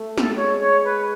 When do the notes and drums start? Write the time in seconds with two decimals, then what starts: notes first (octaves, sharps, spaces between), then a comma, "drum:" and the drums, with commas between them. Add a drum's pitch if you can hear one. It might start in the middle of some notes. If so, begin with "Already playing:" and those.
Already playing: A3
0.18 A4, drum: snare
0.35 G#3 C#5
0.59 C#5
0.84 B4